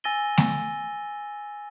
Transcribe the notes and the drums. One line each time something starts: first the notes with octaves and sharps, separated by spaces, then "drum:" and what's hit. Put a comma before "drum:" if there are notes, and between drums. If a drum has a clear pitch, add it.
G#5 E6 A6 A#6 D#7 G7
drum: snare A3